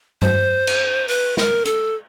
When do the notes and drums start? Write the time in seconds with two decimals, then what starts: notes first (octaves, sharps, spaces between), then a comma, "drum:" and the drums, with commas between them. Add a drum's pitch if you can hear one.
0.22 C5, drum: tom G2
0.67 drum: cymbal
1.08 B4, drum: open hi-hat
1.37 A#4, drum: snare
1.65 A4, drum: hi-hat